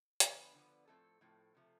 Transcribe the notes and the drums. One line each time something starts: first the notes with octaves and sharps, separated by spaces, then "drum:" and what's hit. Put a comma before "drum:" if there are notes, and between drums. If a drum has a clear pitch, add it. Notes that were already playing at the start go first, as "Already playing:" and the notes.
D3 F3 B3 B4, drum: hi-hat
D3 F3 B3
A2 F3 A3 C4 A4
A2 F3 A3 C4
C3 F3 A3